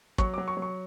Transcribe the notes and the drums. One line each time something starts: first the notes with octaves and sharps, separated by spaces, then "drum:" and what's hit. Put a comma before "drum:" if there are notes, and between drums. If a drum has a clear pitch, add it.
F#3 C#6, drum: kick
D6
F#3
C#6
F#3
C#6